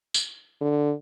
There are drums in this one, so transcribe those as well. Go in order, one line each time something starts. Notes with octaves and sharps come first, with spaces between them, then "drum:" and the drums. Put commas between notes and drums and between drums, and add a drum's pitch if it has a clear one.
drum: tambourine
D3